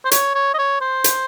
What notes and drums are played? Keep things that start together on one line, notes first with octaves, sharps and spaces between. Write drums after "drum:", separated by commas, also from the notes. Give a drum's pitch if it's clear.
C5
C#5, drum: hi-hat
C#5
D#5
C#5
C5
drum: hi-hat